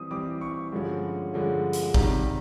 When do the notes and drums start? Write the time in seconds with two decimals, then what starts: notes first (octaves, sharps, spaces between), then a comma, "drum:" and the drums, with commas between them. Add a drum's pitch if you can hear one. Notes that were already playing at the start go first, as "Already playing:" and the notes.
Already playing: E3 G3 C4 D#6
0.11 E3 G3 C4 D6
0.41 C#6
0.72 G2 D3 F3 G#3 C#4
1.33 G2 D3 F3 G#3 C#4
1.73 drum: hi-hat
1.94 C3 D#3 G3 A#5, drum: kick